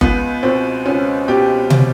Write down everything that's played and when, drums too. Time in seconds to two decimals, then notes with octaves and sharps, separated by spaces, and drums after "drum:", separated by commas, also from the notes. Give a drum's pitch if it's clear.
0.01 C#2 B3, drum: kick F#1
0.43 B2 C4
0.86 C#2 C#4
1.28 B2 G4
1.70 drum: tom